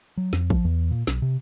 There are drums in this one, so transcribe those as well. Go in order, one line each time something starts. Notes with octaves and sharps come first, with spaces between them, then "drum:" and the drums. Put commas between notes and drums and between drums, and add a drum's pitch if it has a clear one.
F#3
F2, drum: snare
F3, drum: kick
E2
A#2
B1, drum: snare
C3